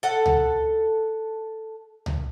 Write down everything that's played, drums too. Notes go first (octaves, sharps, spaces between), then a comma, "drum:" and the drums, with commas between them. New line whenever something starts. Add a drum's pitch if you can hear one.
A4 F#5
drum: tom C#2
drum: tom C#2